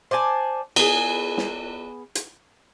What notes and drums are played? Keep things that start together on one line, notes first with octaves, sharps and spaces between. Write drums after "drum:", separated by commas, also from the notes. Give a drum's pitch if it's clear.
C5 D5 G#5 A5
B3 G#4, drum: cymbal
drum: snare
drum: hi-hat